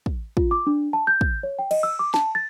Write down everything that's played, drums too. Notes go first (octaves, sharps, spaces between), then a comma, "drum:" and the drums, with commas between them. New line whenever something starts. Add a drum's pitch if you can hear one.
drum: kick
F4, drum: kick
D6
D4
A5
G6
drum: kick
C#5
G5
D#5, drum: cymbal
E6
D6
A5, drum: snare
A6